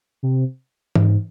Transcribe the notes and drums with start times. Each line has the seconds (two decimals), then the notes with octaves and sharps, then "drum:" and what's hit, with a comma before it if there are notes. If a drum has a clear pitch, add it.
0.23 C3
0.95 G#2, drum: tom E3